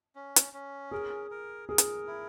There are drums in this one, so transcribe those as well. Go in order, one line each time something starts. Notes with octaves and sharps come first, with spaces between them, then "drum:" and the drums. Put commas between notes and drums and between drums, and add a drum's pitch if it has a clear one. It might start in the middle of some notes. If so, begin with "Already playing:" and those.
C#4
drum: hi-hat
C#4
G#4 A#4
A#4
G#4 A#4
drum: hi-hat
E4